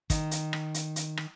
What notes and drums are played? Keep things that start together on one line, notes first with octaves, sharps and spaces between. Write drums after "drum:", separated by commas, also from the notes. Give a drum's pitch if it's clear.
D#3, drum: kick, hi-hat
drum: hi-hat
drum: rim click
drum: hi-hat
drum: hi-hat
drum: rim click